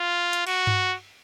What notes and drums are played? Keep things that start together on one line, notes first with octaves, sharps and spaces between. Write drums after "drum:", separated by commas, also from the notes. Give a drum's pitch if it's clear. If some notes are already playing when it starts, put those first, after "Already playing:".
Already playing: F4
drum: hi-hat
F#4, drum: cymbal
drum: tom G2